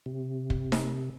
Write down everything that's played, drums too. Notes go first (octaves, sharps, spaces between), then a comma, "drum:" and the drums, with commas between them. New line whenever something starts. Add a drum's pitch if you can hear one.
C3
drum: kick
drum: snare D#4